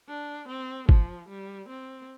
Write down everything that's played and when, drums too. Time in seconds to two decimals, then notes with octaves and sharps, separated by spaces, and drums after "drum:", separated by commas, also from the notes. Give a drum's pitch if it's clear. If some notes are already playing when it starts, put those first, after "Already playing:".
0.09 D4
0.48 C4
0.89 F3, drum: kick
1.29 G3
1.69 C4